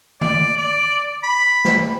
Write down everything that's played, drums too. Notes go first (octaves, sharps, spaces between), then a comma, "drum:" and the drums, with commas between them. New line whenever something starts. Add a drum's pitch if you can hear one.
D5, drum: tom D3
D5
B5
drum: snare